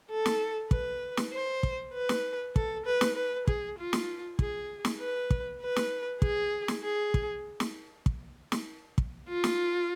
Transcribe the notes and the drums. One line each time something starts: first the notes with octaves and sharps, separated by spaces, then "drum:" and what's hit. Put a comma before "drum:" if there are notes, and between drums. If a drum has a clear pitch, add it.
A4
drum: snare
B4, drum: kick
drum: snare
C5
drum: kick
B4
drum: snare
A4, drum: kick
B4
drum: snare
B4
G#4, drum: kick
F4
drum: snare
G#4, drum: kick
drum: snare
B4
drum: kick
B4
drum: snare
G#4, drum: kick
drum: snare
G#4
drum: kick
drum: snare
drum: kick
drum: snare
drum: kick
F4
drum: snare